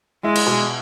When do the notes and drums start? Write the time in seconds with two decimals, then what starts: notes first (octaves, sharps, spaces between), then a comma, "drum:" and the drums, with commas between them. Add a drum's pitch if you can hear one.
0.24 G#3 E4
0.36 drum: cymbal
0.47 B2